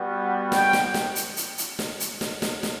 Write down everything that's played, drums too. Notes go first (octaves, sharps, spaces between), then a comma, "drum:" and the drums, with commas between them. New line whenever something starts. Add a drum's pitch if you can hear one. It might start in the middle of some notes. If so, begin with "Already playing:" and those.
Already playing: G3 B3 F#4
G5, drum: snare
drum: snare
drum: snare
drum: hi-hat
drum: hi-hat
drum: hi-hat
drum: snare
drum: hi-hat
drum: snare
drum: snare
drum: snare